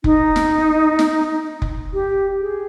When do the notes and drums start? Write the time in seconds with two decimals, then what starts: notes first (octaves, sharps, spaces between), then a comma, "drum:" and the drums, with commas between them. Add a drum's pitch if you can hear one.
0.04 D#4, drum: kick F1
0.36 drum: snare
0.99 drum: snare
1.62 drum: kick F1
1.94 G4
2.41 G#4